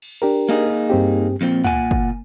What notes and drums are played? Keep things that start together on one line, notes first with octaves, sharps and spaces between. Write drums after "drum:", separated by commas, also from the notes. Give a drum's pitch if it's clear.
drum: cymbal
D4 G4 A#4
A#3 D#4 G#4
G2 C4 G4
F2 A#2 C4
A#2 F#5 G#5, drum: tom
drum: kick